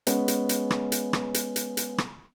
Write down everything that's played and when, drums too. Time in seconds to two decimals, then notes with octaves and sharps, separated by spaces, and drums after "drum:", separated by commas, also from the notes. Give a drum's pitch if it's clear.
0.07 G#3 B3 C#4, drum: hi-hat
0.28 drum: hi-hat
0.49 drum: hi-hat
0.71 drum: rim click
0.92 drum: hi-hat
1.13 drum: rim click
1.34 drum: hi-hat
1.56 drum: hi-hat
1.77 drum: hi-hat
1.98 drum: rim click